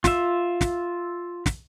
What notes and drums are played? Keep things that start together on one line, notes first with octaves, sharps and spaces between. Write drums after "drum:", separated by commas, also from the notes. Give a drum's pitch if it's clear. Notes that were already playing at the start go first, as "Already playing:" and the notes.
F4 E5, drum: snare
drum: snare
drum: snare